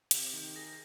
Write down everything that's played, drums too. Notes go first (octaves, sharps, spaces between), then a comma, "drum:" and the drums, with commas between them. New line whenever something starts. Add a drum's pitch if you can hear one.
C3, drum: hi-hat
D#3
G#4 A#6